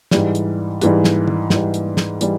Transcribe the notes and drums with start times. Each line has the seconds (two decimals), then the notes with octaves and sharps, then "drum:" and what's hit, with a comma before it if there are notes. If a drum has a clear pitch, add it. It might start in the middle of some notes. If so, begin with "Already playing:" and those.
0.11 G#2 E3 G3, drum: snare
0.35 drum: hi-hat
0.81 G#2 E3 G3, drum: hi-hat
1.04 drum: snare
1.28 drum: tom
1.50 G#2 E3 G3, drum: snare
1.74 drum: hi-hat
1.97 drum: snare
2.21 E3 G3, drum: hi-hat